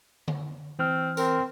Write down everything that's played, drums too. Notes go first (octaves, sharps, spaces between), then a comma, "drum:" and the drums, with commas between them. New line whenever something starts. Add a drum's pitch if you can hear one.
drum: tom D3
E3 C4 F6
C4 A#4, drum: tambourine